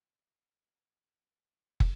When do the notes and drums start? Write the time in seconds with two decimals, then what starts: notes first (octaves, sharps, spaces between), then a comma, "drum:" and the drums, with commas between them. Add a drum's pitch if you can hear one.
0.20 F#3
0.52 A3
1.16 F#3
1.48 A2
1.80 drum: kick